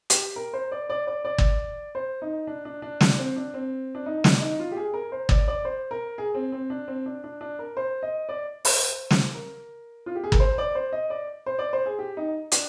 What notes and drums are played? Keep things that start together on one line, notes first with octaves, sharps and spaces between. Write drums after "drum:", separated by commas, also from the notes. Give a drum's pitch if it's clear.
G4, drum: hi-hat
A#4
C5
D5
D5
D5
D5
drum: kick
C5
D#4
D4
D4
D4
D4, drum: snare
C4
D4
C4
D4
D#4
D4, drum: snare
D#4
F4
G4
G#4
A#4
C5
D5, drum: kick
D5
C5
A#4
G#4
C4
C4
D4
C4
D4
D4
D4
A#4
C5
D#5
D5
C5, drum: open hi-hat
drum: snare
A#4
F4
G4
G#4
A#4, drum: kick
C5
D5
C5
D#5
D5
C5
D5
C5
G#4
G4
D#4
D4, drum: hi-hat